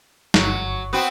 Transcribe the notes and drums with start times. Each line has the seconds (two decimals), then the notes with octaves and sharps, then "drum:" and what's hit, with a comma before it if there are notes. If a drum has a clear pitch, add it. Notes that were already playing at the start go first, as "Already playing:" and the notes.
0.34 G1 F#3 C#6, drum: snare
0.93 B3 C4 F#4